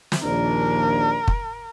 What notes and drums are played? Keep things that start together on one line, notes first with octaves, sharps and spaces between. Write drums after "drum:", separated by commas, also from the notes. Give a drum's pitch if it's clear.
drum: snare
A#1 D#2 D4 A#4
drum: kick